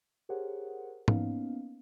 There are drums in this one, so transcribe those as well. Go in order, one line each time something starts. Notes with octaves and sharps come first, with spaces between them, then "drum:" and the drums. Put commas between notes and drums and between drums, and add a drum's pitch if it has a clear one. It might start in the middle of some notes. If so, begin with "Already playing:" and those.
G4 G#4 A#4 C5 C#5 F#5
A#3 B3 C#4 D#4 F5, drum: tom